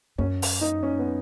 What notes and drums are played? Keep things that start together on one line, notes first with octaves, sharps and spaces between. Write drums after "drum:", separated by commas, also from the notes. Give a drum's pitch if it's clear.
F#2 C#4
drum: open hi-hat
D#4
C#4
B3